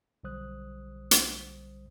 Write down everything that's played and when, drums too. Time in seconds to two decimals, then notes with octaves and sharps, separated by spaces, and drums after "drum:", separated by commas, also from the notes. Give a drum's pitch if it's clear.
0.24 B1 D3 G3 C5 D#6 F#6
1.11 drum: hi-hat